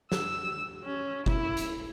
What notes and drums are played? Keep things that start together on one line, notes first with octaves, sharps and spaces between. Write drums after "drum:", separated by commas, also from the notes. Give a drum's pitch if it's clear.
E6, drum: snare
C#4
E4, drum: kick
drum: hi-hat